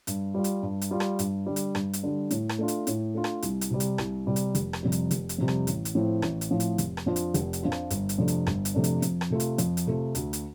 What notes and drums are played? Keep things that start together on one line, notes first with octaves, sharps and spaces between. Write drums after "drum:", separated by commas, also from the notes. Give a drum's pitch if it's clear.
G2, drum: hi-hat
G3 F4
drum: hi-hat
G2
drum: hi-hat
G3 F4
drum: rim click
G2, drum: hi-hat
D3 G3
drum: hi-hat
G2, drum: rim click
drum: hi-hat
D3 G3
A2, drum: hi-hat
drum: rim click
A3 D4 F4
drum: hi-hat
A2, drum: hi-hat
A3 D4 F4
drum: rim click
C2, drum: hi-hat
drum: hi-hat
C3 G3
drum: hi-hat
C2, drum: rim click
C3 G3
drum: hi-hat
F1, drum: hi-hat
drum: rim click
F2 C3 G3
drum: hi-hat
F1, drum: hi-hat
drum: hi-hat
F2 C3 G3
drum: rim click
A1, drum: hi-hat
drum: hi-hat
A2 F3 C4
A1, drum: rim click
drum: hi-hat
A2 F3 C4
drum: hi-hat
F1, drum: hi-hat
drum: rim click
F2 F3 D4 F4
drum: hi-hat
F1, drum: hi-hat
drum: hi-hat
F2 F3 D4 F4
drum: rim click
G1, drum: hi-hat
drum: hi-hat
F2 C3 A3 D4
drum: hi-hat
G1, drum: rim click
drum: hi-hat
F2 C3 A3 D4
drum: hi-hat
F2, drum: hi-hat
drum: rim click
C3 A3 F4
drum: hi-hat
F2, drum: hi-hat
drum: hi-hat
C3 A3 F4
D2, drum: hi-hat
drum: hi-hat